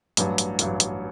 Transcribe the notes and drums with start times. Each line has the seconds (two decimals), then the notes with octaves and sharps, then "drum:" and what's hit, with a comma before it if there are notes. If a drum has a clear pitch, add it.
0.17 A1 G2 F#3, drum: hi-hat
0.38 drum: hi-hat
0.59 A1 G2 F#3, drum: hi-hat
0.80 drum: hi-hat